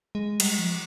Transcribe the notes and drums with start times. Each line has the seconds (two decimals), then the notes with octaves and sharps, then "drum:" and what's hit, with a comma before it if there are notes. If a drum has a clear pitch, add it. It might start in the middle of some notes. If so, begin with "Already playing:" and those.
0.15 G#3
0.40 G3, drum: cymbal
0.59 F3